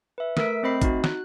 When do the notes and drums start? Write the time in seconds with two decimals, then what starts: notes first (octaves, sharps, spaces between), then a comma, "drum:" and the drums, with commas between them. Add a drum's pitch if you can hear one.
0.18 B4 E5
0.37 A3 A#4 E6 B6 D7, drum: snare
0.63 A3 C4 C5 D#5 B5 C7
0.82 D#4 F#4, drum: kick, hi-hat
1.04 F#6, drum: snare